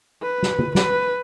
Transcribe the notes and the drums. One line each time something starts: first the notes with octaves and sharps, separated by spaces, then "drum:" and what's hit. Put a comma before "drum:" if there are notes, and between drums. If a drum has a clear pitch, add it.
B4
drum: snare
drum: tom
B4, drum: snare